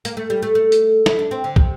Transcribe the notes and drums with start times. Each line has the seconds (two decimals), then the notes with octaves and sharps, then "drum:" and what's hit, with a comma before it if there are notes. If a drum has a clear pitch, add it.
0.05 A#3, drum: hi-hat
0.17 A3
0.30 G3
0.42 A3
0.55 A3
0.72 drum: hi-hat
1.06 E4, drum: snare
1.19 D4
1.31 C4
1.44 D3
1.56 C3, drum: kick